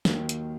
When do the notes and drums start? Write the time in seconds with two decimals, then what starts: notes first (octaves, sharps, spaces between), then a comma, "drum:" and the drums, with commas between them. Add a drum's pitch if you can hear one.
0.05 D#2 D#3 F#3 A#3, drum: snare
0.29 drum: hi-hat